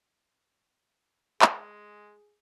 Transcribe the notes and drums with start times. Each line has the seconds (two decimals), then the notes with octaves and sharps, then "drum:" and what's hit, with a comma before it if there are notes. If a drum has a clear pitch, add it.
1.42 G#3 G#4, drum: clap